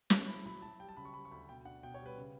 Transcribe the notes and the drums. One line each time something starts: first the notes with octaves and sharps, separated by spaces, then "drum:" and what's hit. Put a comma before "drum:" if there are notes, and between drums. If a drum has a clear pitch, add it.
F#3 A5, drum: snare
E4 B5
F#3 B5
F#3 A5
G3 G5
A5
C#3 B5
C#6
G3 B5
C#6
D2 B5
B2 G5
D4 F#5
B2 G5
C#5
G3
B4
C#3